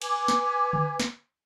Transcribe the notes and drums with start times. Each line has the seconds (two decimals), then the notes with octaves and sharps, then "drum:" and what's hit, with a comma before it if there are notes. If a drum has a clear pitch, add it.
0.02 B4 G#5 D6 G#6, drum: cymbal
0.28 drum: snare
0.73 drum: tom D3
1.00 drum: snare